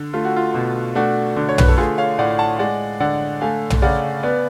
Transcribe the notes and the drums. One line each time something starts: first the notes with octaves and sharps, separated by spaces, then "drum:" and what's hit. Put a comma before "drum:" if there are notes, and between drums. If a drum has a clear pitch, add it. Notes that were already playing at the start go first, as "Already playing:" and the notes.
Already playing: D3
A3 F4
F#4
F4
B2
A3 D4 F#4
D3
C#5
B4, drum: tom
A4
A3 F4 G#4
C#5 F5
A2 D5 F#5
F#5 A5
G#3 D5 F#5
D3 D5 F#5
A3 F5 G#5
drum: tom
C#3 D5 F#5
B3 B4 D5